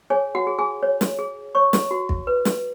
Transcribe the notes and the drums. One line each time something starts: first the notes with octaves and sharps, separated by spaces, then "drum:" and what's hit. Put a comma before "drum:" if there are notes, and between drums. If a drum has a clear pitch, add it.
G#4 C#5 G#5
F#4 F#5
G#4
G#4 G#5
C#5
drum: snare
G#4
C#5 C#6
drum: snare
F#4
drum: kick
B4
drum: snare